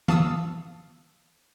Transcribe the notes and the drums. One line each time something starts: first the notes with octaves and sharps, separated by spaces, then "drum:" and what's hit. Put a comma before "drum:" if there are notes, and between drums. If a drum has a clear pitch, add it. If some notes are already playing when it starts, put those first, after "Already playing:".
F5 A5 D#6 E6, drum: tom